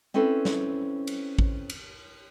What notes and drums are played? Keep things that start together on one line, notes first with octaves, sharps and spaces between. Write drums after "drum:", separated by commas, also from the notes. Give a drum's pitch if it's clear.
C4 C#4 E4 A4 B4
drum: snare
drum: cymbal
drum: kick A1
drum: cymbal